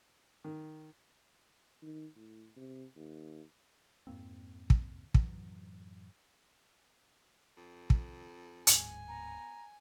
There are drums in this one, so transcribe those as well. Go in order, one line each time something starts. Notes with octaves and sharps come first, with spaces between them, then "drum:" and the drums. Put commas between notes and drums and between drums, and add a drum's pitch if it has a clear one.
D#3
D#3
A2
C3
D#2
F2 G#2 A#3 C4
drum: kick
F#2 A2 E3 F#3, drum: kick
F2
drum: kick
D1 G#2 G#5, drum: hi-hat
B3 A#5